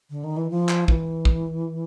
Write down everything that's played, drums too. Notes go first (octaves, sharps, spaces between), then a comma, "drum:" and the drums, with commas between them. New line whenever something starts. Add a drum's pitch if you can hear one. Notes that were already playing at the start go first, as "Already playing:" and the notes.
D3
D#3
E3
F3
drum: clap
E3, drum: kick
drum: kick